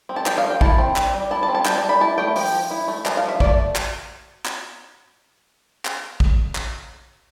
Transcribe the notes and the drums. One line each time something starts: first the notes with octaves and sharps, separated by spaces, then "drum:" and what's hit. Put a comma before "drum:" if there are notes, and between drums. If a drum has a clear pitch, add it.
C4
A5
F3 G5, drum: clap
F5
F3
G5
E4 A5, drum: kick
C4
G3, drum: clap
G3
E4 A5
A5
C4
A5
G3 G5, drum: clap
A5
G3
B5
E4 A5
A3 G5
F3 G5, drum: open hi-hat
F3
E4
A3
F3 A5, drum: clap
F5
F3
E5
A3 D5, drum: kick
drum: clap
drum: clap
drum: clap
drum: kick
drum: clap